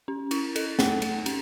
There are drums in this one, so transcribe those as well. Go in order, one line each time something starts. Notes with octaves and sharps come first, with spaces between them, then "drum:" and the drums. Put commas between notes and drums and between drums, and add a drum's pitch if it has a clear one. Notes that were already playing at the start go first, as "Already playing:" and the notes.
C#4
E4, drum: cymbal
A4, drum: cymbal
A3, drum: snare
A3, drum: cymbal
C#4, drum: cymbal